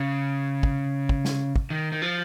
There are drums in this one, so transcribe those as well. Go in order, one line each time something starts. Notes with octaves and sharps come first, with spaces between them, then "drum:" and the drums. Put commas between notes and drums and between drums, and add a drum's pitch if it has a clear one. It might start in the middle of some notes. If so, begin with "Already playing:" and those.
Already playing: C#3
drum: kick
drum: kick
drum: snare
drum: kick
D#3
D#3
F3